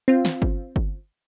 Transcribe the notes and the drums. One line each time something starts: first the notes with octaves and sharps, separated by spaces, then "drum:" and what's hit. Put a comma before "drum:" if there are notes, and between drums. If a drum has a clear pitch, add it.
C4 F4
drum: snare
drum: kick G1
drum: kick G1